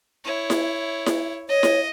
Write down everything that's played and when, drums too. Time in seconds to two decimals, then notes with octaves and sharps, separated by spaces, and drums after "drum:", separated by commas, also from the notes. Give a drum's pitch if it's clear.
0.24 E4 C#5
0.50 drum: snare E4
1.06 drum: snare E4
1.49 C#5 D#5
1.63 drum: snare E4